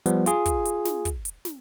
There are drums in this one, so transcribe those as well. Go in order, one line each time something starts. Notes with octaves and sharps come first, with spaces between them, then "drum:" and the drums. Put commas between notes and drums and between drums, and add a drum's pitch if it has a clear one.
F3 G3 B3, drum: hi-hat
F4 G#4, drum: hi-hat
drum: kick, hi-hat
drum: hi-hat
drum: snare
drum: kick, hi-hat
drum: hi-hat
drum: snare